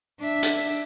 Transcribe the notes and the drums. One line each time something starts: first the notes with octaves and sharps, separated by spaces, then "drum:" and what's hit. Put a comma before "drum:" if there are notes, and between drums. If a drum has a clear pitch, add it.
D4 E5
drum: hi-hat